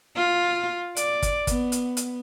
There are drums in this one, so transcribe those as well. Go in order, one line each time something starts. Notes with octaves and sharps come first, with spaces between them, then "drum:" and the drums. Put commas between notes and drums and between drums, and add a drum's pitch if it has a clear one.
F4
D5, drum: hi-hat
drum: kick, hi-hat
B3, drum: kick, hi-hat
drum: hi-hat
drum: hi-hat